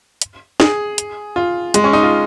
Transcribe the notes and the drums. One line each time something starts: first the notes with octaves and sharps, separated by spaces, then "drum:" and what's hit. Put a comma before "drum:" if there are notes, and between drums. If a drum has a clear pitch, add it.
drum: hi-hat
G#4, drum: snare
drum: hi-hat
F4
G#3, drum: hi-hat
C#4
D#4
F4